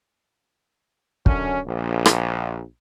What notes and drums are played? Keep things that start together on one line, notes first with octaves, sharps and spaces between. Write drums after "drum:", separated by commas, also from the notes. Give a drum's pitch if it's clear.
F#2 D3 C#4, drum: kick
A#1
drum: rim click